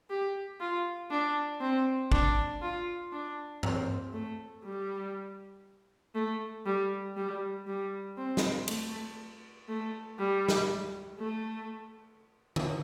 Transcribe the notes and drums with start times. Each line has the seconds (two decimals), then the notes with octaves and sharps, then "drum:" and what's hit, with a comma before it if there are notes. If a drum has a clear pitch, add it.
0.10 G4
0.60 F4
1.11 D4
1.61 C4
2.12 D4, drum: kick
2.62 F4
3.13 D4
3.63 C4, drum: tom G2
4.13 A3
4.64 G3
6.15 A3
6.66 G3
7.16 G3
7.67 G3
8.17 C4
8.37 drum: snare
8.68 A3, drum: cymbal
9.69 A3
10.19 G3
10.49 drum: snare
11.20 A3
12.56 drum: tom D3